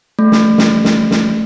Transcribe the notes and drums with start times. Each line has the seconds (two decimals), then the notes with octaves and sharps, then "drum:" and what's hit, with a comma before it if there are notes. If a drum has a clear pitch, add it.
0.19 A3
0.32 drum: snare
0.58 drum: snare
0.84 drum: snare
1.11 drum: snare